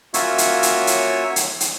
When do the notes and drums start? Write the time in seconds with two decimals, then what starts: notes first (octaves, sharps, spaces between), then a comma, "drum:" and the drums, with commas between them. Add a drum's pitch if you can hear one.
0.14 A#3 C#4 F4 F#4 C#5 E5, drum: hi-hat
0.38 drum: hi-hat
0.63 drum: hi-hat
0.87 drum: hi-hat
1.36 drum: hi-hat
1.60 drum: hi-hat